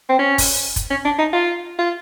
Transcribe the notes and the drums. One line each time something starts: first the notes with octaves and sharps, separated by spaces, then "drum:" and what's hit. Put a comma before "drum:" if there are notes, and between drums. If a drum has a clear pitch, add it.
C4
C#4
drum: kick, open hi-hat
drum: kick, hi-hat
C#4
D4
D#4
F4
F4